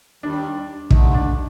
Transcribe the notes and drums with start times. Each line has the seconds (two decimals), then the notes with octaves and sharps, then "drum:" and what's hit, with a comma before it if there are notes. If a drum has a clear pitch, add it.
0.23 D#2 D#3 G3 D4
0.91 D#2 D3 A3 D#4, drum: kick
1.14 D4